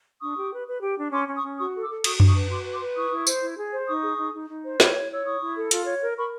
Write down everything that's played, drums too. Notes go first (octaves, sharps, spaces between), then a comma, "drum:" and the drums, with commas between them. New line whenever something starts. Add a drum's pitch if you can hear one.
D4 C#6 D#6
G4
B4
B4
G4
D4
C#4 C6 D6
C#4
C#6 D#6
C#4
F#4 C#6 D#6
A4
D6 E6
A4
F#4 C#6 D#6, drum: cymbal
D4, drum: tom F#2
C#6 D#6
B4
F#4 C6 D6
B4
C6 D6
B4
E4 C#6 D#6
E4
C5, drum: tambourine
E4
G#4
C5
D#4 C#6 D#6
G#4
D#4
D#4
D#4
C5
C#5, drum: snare
E4
C#5 E6
E4 C#6 D#6
E4
A4
F4, drum: hi-hat
C#5
A#4
A#4 B5 C#6